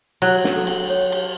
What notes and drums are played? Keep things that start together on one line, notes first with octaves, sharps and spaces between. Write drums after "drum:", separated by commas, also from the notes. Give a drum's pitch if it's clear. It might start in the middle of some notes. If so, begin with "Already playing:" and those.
F#3 C#5, drum: cymbal
drum: snare
A4
drum: cymbal
C#5
drum: cymbal